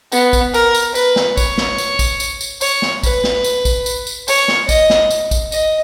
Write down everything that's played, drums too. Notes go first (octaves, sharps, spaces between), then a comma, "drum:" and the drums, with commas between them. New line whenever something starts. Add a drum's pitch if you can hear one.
B3, drum: tambourine
drum: kick A#1, tambourine
A#4, drum: tambourine
drum: tambourine
B4, drum: tambourine
drum: snare
C#5, drum: kick A#1, tambourine
drum: snare
drum: tambourine
drum: kick A#1, tambourine
drum: tambourine
drum: tambourine
C#5, drum: tambourine
drum: snare
B4, drum: kick A#1, tambourine
drum: snare
drum: tambourine
drum: kick A#1, tambourine
drum: tambourine
drum: tambourine
C#5, drum: tambourine
drum: snare
D#5, drum: kick A#1, tambourine
drum: snare
drum: tambourine
drum: kick A#1, tambourine
D#5, drum: tambourine